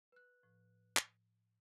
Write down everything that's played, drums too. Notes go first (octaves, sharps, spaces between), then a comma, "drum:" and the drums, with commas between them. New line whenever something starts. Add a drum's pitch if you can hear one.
B4 F#6
A2 F3
drum: clap